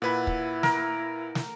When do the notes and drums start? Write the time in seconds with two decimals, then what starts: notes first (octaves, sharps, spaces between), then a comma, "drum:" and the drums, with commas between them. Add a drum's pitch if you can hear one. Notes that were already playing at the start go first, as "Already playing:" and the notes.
0.02 A#2 E4 B4 F#5 G#5 B5
0.27 drum: kick
0.63 A#4, drum: snare
1.35 drum: snare